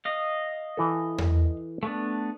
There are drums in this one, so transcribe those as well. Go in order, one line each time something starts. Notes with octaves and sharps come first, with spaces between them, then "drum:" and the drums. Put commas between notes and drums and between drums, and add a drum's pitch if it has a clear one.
D#5 F5
E3 A4
drum: tom E2
A3 B3 D4